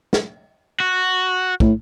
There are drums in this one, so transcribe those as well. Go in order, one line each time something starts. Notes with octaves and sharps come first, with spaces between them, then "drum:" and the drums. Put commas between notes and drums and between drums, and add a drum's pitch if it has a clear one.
drum: snare
F#4
A2, drum: kick